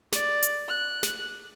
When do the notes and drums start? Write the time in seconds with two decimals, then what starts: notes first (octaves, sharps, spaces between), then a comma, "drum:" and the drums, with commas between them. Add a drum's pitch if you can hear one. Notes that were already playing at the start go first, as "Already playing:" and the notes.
0.12 D5, drum: snare
0.43 drum: hi-hat
0.68 F#6
1.03 drum: snare